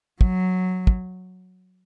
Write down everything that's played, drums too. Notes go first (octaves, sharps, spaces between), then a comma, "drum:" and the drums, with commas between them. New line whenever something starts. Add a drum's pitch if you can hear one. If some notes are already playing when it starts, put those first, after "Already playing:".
F#3, drum: kick
drum: kick